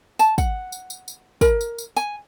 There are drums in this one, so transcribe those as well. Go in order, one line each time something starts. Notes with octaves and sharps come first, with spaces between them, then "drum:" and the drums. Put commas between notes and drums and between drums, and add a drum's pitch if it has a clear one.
A5, drum: tambourine
F#5, drum: kick, tambourine
drum: tambourine
drum: tambourine
drum: tambourine
A#4, drum: kick, tambourine
drum: tambourine
drum: tambourine
G#5, drum: tambourine